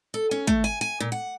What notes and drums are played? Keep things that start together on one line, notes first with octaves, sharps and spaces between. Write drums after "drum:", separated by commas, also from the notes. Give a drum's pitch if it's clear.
A4
C#4
A3, drum: kick
G#5
G#5
A#2
F#5